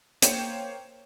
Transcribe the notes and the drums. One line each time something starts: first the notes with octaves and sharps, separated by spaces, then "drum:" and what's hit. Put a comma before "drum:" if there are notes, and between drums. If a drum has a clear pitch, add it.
A#3 C5 C#5 G5 C#7 E7, drum: hi-hat